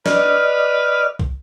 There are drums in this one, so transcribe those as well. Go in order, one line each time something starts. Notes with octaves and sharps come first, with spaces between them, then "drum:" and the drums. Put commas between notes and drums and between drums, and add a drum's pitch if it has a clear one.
B4 D5 D#5 F6, drum: snare
drum: kick